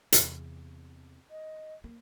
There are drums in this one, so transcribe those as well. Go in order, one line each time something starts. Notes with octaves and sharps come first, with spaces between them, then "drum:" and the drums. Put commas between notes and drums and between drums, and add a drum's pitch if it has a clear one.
E2 C3, drum: hi-hat
D#5
A#3